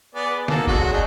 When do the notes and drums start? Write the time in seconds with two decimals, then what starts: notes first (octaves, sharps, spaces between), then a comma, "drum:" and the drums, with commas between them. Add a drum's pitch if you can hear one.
0.15 B3 G#4 D5
0.48 A#3 F#4 A4, drum: snare
0.67 F#3 G#3 F#4, drum: kick F#1
0.93 D4 D#4 G#4